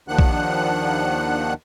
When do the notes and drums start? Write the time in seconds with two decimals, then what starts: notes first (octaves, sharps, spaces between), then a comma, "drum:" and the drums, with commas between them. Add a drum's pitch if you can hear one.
0.08 D#2 D#3 F3 D4 F#5 F#6
0.19 drum: kick A#1